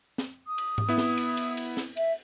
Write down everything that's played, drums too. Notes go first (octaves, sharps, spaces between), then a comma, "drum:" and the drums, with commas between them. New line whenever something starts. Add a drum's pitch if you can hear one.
drum: snare
D#6
drum: cymbal
drum: tom G#2
B3 E4
drum: snare
drum: cymbal
drum: cymbal
drum: cymbal
drum: snare
E5, drum: cymbal